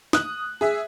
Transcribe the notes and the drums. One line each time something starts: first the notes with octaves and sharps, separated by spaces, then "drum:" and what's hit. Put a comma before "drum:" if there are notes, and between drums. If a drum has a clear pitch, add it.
D#6 F#6, drum: snare
G#4 E5